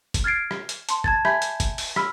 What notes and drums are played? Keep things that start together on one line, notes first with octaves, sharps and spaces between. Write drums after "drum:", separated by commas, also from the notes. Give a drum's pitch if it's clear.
drum: kick F#1, hi-hat
F6 G#6 A6 C7 D7
drum: rim click
drum: hi-hat
A5 C6, drum: hi-hat
A5 G#6 A6, drum: kick F#1
E5 G#5 B5 G6 G#6 B6, drum: rim click
drum: hi-hat
drum: kick F#1, hi-hat
drum: open hi-hat
B5 E6 F6 B6, drum: rim click